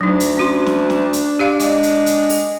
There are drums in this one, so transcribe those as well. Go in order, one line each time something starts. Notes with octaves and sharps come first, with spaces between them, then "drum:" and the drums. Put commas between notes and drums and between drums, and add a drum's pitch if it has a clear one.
D2 F#3 D4 D#4
drum: hi-hat
C#4 F#4 C6
drum: snare
drum: snare
drum: hi-hat
G4 D5 F5
G#3 D6, drum: hi-hat
drum: hi-hat
drum: hi-hat
drum: open hi-hat